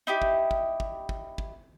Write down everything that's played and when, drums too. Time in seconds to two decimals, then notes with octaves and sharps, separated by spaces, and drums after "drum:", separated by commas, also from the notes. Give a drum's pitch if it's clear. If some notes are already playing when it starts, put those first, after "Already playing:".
0.07 D#4 E4 G4
0.22 drum: kick
0.51 drum: kick
0.80 drum: kick
1.09 drum: kick
1.38 drum: kick